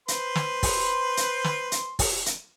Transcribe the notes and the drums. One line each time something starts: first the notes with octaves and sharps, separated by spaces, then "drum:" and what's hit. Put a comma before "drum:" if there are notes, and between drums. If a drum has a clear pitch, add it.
B4 C5 C6, drum: hi-hat
drum: snare
drum: kick, open hi-hat
drum: hi-hat
drum: snare
drum: hi-hat
drum: kick, open hi-hat
drum: hi-hat